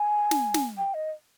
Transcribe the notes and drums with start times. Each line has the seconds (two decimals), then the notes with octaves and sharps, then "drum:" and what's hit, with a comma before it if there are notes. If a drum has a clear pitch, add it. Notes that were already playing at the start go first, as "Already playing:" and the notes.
Already playing: G#5
0.31 drum: snare
0.54 drum: snare
0.77 G5
0.94 D#5